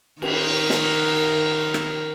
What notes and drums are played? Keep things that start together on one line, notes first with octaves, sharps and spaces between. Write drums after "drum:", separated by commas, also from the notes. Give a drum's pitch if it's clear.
D#3 A#4, drum: cymbal
drum: snare
drum: rim click